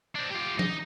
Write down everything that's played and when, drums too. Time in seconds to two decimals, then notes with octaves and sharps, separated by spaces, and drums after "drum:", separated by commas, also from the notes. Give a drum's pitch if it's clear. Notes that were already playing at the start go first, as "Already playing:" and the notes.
0.15 C4 D4
0.31 F4 G4
0.59 D#4, drum: tom F3